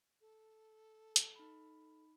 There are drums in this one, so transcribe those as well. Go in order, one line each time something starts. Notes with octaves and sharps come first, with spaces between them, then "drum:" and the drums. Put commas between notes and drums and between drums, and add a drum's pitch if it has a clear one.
A4
drum: hi-hat
D#4 B5